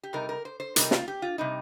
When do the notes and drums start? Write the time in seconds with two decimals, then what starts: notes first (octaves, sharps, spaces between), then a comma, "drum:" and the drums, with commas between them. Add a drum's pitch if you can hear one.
0.03 G4
0.13 C3 G3 D#4 A#4
0.29 A#4
0.45 C5
0.60 C5
0.76 C3 G3 D#4 A#4, drum: hi-hat
0.91 F4, drum: snare
1.08 G4
1.22 F4
1.38 C3 G3 D#4